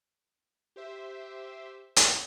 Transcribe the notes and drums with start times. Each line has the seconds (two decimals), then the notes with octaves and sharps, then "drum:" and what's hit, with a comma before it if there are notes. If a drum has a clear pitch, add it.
0.76 G4 C5 E5
1.96 drum: hi-hat